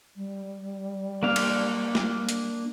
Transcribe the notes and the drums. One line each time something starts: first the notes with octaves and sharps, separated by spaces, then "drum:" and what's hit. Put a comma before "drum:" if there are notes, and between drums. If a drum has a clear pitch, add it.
G3
A#3 D4 F5
drum: cymbal
drum: snare
drum: hi-hat